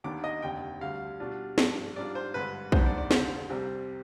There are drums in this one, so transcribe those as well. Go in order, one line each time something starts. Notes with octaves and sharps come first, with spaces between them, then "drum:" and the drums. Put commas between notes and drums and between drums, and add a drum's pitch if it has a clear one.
D#2 D#3 B3 D4 D6
D#5
F1 D#2 D3 G5
D2 D3 G3 F5
B2 G3 D4 F4
G#1 G2 F3 G#3 D4, drum: snare
G#2 G3 D4 F4 D5
C5
G#1 G2 D3 G#3 B4
G#1 G2 D#3 B3 D4 C5, drum: kick
D5
D5
F1 D#2 D3 C5, drum: snare
C2 C3 G3 C4